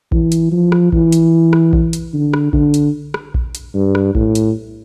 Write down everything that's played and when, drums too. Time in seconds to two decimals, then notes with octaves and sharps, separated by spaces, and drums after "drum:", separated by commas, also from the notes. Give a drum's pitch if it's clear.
0.12 E3, drum: kick A#1
0.32 drum: hi-hat
0.52 F3
0.72 drum: rim click
0.93 E3, drum: kick A#1
1.12 drum: hi-hat
1.53 drum: rim click
1.73 drum: kick A#1
1.93 drum: hi-hat
2.14 D3
2.34 drum: rim click
2.53 D3, drum: kick A#1
2.74 drum: hi-hat
3.14 drum: rim click
3.34 drum: kick A#1
3.55 drum: hi-hat
3.75 G2
3.95 drum: rim click
4.15 A2, drum: kick A#1
4.35 drum: hi-hat